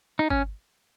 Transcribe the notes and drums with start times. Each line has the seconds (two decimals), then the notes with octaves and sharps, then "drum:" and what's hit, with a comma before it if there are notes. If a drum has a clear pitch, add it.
0.19 D#4
0.30 C#4, drum: kick G1